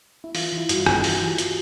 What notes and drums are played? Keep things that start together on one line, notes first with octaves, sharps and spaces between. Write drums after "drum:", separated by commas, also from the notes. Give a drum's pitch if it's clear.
E4
E3 F4, drum: open hi-hat
E3
E4
G2 F#4, drum: hi-hat
F4
G2, drum: rim click
E3 F#4, drum: open hi-hat
E3
G4
drum: hi-hat